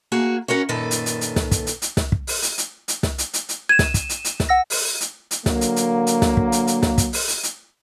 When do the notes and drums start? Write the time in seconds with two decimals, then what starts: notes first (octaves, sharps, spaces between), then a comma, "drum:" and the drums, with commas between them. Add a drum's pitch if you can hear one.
0.12 A#3 F#4 G#4
0.48 C#4 F#4 A#4 C#5
0.69 F#2 A#2 D#3 A4 B4
0.91 drum: hi-hat
1.06 drum: hi-hat
1.21 drum: hi-hat
1.36 drum: snare
1.51 drum: kick, hi-hat
1.67 drum: hi-hat
1.82 drum: hi-hat
1.97 drum: snare
2.12 drum: kick
2.27 drum: open hi-hat
2.42 drum: hi-hat
2.58 drum: hi-hat
2.88 drum: hi-hat
3.03 drum: snare
3.18 drum: hi-hat
3.34 drum: hi-hat
3.49 drum: hi-hat
3.69 G#6 D#7 E7
3.79 drum: snare
3.94 drum: kick, hi-hat
4.09 drum: hi-hat
4.25 drum: hi-hat
4.40 drum: snare
4.49 F#5 E6 A#6
4.70 drum: open hi-hat
5.00 drum: hi-hat
5.31 drum: hi-hat
5.46 D3 F#3 A#3, drum: snare
5.61 drum: hi-hat
5.76 drum: hi-hat
6.07 drum: hi-hat
6.22 drum: snare
6.37 drum: kick
6.52 drum: hi-hat
6.67 drum: hi-hat
6.82 drum: snare
6.98 drum: kick, hi-hat
7.13 drum: open hi-hat
7.28 drum: hi-hat
7.43 drum: hi-hat